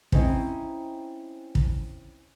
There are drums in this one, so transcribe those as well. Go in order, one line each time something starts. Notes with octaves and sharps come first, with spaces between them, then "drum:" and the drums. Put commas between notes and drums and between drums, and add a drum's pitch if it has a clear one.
C4 C#4 D#4 E4, drum: kick
drum: kick